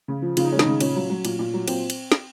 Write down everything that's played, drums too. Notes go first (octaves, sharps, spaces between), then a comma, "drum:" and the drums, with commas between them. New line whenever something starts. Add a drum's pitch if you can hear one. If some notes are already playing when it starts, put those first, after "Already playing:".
C#3
F3
C#3 F4, drum: cymbal
D#4
G#3 C#4
D#3 D#4, drum: snare
C#3
A#2 C#4, drum: cymbal
F#3
F#3
A#2, drum: cymbal
A#2
F#3
A#2 C4, drum: cymbal
drum: cymbal
drum: snare